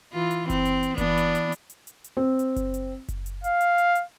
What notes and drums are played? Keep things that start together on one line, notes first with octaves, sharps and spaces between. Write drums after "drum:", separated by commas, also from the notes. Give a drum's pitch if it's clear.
E3 F4
drum: hi-hat
C4, drum: kick F#1, hi-hat
drum: hi-hat
drum: hi-hat
E3 B3 D4, drum: kick F#1, hi-hat
drum: hi-hat
drum: hi-hat
drum: hi-hat
drum: hi-hat
drum: hi-hat
drum: hi-hat
C4
drum: hi-hat
drum: kick F#1, hi-hat
drum: hi-hat
drum: kick F#1, hi-hat
drum: hi-hat
F5, drum: hi-hat
drum: hi-hat
drum: hi-hat
drum: hi-hat